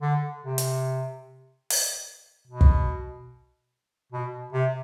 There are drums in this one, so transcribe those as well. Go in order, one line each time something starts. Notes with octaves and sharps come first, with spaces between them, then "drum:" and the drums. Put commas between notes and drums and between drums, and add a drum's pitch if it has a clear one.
D3
C3
drum: hi-hat
drum: open hi-hat
B2
drum: kick
B2
C3